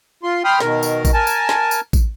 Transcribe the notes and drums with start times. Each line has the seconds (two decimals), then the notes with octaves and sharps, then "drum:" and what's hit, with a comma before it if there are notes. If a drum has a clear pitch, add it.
0.23 F4 C6
0.44 G5 B5 C6 D#6 F6
0.60 B2 D#3 A#4, drum: snare
0.83 drum: tambourine
1.05 drum: kick A1, tambourine
1.14 A#4 G#5 A5
1.27 drum: tambourine
1.49 drum: snare
1.71 drum: tambourine
1.93 drum: kick A1, tambourine